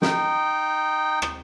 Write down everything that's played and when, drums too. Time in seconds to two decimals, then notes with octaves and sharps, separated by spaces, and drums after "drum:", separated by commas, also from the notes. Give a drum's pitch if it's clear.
0.02 D#4 G5, drum: snare
1.22 drum: rim click